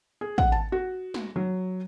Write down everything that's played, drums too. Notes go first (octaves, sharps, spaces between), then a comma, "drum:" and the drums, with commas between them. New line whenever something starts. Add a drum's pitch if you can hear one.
G#4
F#5, drum: kick
A5
F#4
drum: snare
F#3